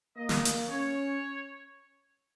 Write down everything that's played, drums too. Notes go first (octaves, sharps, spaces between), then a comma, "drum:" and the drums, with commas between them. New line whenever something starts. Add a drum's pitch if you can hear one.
A#3 D#5
drum: snare
drum: hi-hat
C#4 C#5